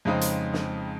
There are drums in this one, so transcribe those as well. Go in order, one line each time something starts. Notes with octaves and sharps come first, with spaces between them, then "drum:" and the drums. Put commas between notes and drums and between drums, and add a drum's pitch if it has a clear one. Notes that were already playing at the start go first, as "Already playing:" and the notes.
F2 C#3 G#3 C4 D#4
drum: hi-hat
drum: snare